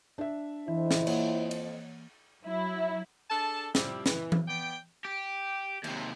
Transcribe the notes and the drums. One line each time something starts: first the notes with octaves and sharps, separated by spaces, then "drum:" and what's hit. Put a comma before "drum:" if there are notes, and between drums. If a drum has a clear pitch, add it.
D4 E5
F2 E3 E4 C5 D#5
drum: snare
A#3 C#5 F#5, drum: cymbal
drum: cymbal
F#3 E4
D4 G#4 A4 A5
F3 G3 C4 E4 G4, drum: snare
E3, drum: snare
drum: tom E3
B3 D5 G5
G4
D#2 C3, drum: cymbal